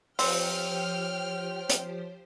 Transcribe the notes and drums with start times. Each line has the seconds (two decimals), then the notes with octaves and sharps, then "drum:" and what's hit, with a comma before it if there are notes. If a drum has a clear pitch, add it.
0.19 F3 C4 G4 C5 C#5 G5 F6, drum: open hi-hat
1.70 drum: hi-hat